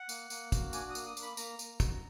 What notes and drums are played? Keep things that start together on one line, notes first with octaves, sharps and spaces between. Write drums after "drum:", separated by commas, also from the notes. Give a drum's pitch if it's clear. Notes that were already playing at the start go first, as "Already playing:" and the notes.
Already playing: F#5
A#3, drum: tambourine
A#3, drum: tambourine
F#4, drum: kick, tambourine
D4 G#5, drum: tambourine
D#6
A#3, drum: tambourine
D#6
A#3, drum: tambourine
B5
A#3 A#5, drum: tambourine
A#3, drum: tambourine
F#4, drum: kick, tambourine